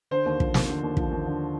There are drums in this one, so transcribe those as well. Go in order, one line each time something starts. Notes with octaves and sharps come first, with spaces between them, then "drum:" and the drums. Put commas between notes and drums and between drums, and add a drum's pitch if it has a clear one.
D3 C5
D#2
F3, drum: kick
D#2, drum: snare
D3
D#2
F3, drum: kick
D#2
D3